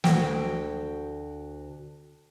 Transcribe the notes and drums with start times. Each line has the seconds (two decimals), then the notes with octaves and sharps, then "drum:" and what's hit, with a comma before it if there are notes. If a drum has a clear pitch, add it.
0.04 D2 F#4 G5, drum: snare